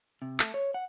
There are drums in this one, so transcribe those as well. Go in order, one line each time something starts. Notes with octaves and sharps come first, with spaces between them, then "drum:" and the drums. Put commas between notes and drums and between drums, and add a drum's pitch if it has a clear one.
C3
A3, drum: clap
C#5
F#5